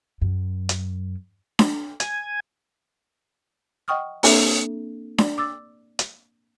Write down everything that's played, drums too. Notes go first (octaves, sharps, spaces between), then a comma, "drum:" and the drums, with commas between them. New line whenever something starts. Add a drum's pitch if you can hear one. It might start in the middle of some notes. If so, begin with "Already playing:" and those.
F#2
drum: hi-hat
drum: snare D4
G#5, drum: hi-hat
D#5 F#5 G5 C#6 D#6 F6
A#3 C4 D4 A4 E5, drum: open hi-hat
D5, drum: snare D4
D6 E6 A6
drum: hi-hat